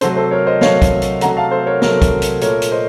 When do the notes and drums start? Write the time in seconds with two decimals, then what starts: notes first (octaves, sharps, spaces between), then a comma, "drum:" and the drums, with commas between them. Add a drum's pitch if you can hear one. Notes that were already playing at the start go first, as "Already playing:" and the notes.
0.01 C3 F#3 A3 A4 C5, drum: hi-hat
0.17 A4 C5
0.31 A#4 C#5
0.47 C5 D#5
0.61 C3 F#3 A3 C#5 F5, drum: snare
0.82 drum: kick, hi-hat
1.02 drum: hi-hat
1.21 C3 F#3 A3 F#5 A#5, drum: hi-hat
1.37 F5 A5
1.51 A4 C5
1.66 A#4 C#5
1.82 C3 F#3 A3 A#4, drum: snare
2.02 drum: kick, hi-hat
2.22 drum: hi-hat
2.41 A#2 A3 A#4 C#5, drum: hi-hat
2.62 drum: hi-hat
2.72 C5 D#5